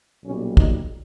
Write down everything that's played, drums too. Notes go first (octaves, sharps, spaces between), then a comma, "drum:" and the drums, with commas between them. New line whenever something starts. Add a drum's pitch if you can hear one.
B1 A#2 G3 C#4
D#4, drum: kick